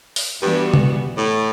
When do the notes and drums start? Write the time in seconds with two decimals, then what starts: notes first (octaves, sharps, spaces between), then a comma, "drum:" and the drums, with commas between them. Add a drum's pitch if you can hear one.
0.16 drum: open hi-hat
0.42 G2 E3 G3 B3 F#4
0.74 drum: tom C3
1.17 A2